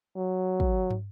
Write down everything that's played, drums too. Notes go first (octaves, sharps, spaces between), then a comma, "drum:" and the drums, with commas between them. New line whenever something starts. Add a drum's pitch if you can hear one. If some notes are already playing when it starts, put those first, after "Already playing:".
F#3
drum: kick
drum: tom